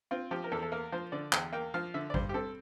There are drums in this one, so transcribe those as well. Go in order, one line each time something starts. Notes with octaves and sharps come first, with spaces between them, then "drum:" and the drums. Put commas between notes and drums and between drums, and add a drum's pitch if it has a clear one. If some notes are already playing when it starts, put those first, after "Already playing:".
C4 F4
F3 G4
A#4
E2 A4
A4
A#3 A#4
F3 C5
D3 D5
E2 G5, drum: clap
A#3 G5
F3 F5
D3 E5
D5
G2 C5, drum: kick G#1
G4
C4 A4